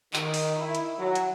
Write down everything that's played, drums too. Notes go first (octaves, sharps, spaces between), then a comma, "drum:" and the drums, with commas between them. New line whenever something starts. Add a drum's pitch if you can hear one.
D#3, drum: clap
drum: open hi-hat
E4
drum: hi-hat
F#3
drum: hi-hat